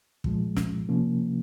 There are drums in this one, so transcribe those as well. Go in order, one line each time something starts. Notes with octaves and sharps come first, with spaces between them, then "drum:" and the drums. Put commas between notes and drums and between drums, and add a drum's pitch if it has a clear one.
C2 A#2 F3 G#3, drum: kick
drum: snare
C3 F3 A#3 C#4